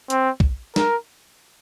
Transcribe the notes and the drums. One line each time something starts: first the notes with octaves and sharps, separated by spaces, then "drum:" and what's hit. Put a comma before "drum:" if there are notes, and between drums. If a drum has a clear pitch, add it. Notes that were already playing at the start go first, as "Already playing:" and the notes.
C4, drum: hi-hat
drum: kick
A#4, drum: snare